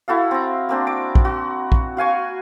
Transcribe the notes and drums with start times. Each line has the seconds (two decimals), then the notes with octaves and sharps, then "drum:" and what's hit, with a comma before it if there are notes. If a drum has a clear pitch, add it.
0.08 E4 F#4 A4 F5
0.31 C4 A#5
0.69 A#3 C4 D4
0.87 D6
1.15 drum: kick
1.25 F#4
1.72 drum: kick
1.97 F#4 F5 G#5 C#6